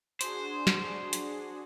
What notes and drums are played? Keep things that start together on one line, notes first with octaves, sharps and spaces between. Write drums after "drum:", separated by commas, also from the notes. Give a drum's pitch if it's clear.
D4 F#4 G#4 C5, drum: hi-hat
drum: snare
drum: hi-hat